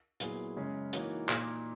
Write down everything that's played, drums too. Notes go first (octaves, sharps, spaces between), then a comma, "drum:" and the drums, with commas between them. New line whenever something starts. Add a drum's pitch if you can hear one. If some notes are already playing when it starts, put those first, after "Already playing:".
A#2 F#3 B3 E4 G#4, drum: hi-hat
F#2 C#3 G#3 C#4 G#4
E3 A#3 D#4 F#4 C#5, drum: hi-hat
A#2 A#3 D#4, drum: clap